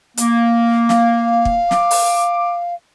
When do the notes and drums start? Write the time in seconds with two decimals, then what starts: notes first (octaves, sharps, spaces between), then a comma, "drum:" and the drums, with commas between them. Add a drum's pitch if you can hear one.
0.17 A#3, drum: hi-hat
0.89 F5, drum: snare
1.45 drum: kick
1.71 D6, drum: snare
1.91 drum: open hi-hat